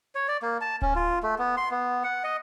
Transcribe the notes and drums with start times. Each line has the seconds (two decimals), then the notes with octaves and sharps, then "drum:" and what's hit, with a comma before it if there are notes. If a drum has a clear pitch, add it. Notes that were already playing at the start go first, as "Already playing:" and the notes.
0.15 C#5
0.28 D5
0.42 A#3
0.61 A5
0.82 C#4, drum: kick D1
0.95 F4
1.23 A3
1.39 B3
1.57 C6
1.71 B3
2.04 F#5
2.24 D#5